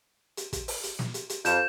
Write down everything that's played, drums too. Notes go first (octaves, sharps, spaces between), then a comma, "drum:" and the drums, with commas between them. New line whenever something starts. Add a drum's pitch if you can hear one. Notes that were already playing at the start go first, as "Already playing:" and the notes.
drum: hi-hat
drum: kick, hi-hat
drum: open hi-hat
drum: hi-hat
drum: snare
drum: hi-hat
drum: hi-hat
F2 F3 G6 E7, drum: hi-hat